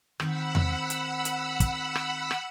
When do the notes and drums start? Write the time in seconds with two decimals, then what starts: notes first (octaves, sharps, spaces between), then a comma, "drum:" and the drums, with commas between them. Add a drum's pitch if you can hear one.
0.20 D#3 C4 F#5 B5 E6, drum: rim click
0.55 drum: tom E2
0.90 drum: hi-hat
1.25 drum: hi-hat
1.60 drum: kick, hi-hat
1.95 drum: rim click
2.31 drum: rim click